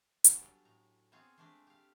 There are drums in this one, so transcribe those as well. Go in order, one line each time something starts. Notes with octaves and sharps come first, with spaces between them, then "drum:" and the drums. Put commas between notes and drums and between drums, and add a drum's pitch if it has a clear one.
F#3 G3 B3 C#4 D4 A4, drum: hi-hat
A2 A#5
B3 C4 F4 G#4 C#5
G#3 A3 C4 D4 B4 D5
G4 F5